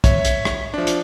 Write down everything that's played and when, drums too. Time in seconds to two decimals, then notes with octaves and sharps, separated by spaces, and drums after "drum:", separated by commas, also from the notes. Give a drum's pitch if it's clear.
0.04 C#5 E5, drum: kick, hi-hat
0.25 drum: hi-hat
0.45 drum: rim click
0.74 F3 D4
0.87 drum: hi-hat